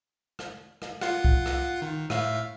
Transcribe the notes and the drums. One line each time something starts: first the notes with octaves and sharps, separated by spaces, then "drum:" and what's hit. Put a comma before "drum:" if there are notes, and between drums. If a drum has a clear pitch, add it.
drum: rim click
drum: rim click
F4 F#5, drum: rim click
drum: kick C2
drum: rim click
D#3
A2 E5 F5, drum: rim click